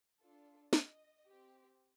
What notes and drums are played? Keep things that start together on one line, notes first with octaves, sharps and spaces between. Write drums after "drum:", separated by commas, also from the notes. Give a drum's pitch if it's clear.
D4 F4 A4
D#5, drum: snare
C4 G4